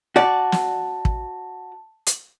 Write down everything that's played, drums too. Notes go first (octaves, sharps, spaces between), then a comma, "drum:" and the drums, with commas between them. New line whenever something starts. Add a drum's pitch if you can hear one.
F#4 D5 A5
drum: snare
drum: kick
drum: hi-hat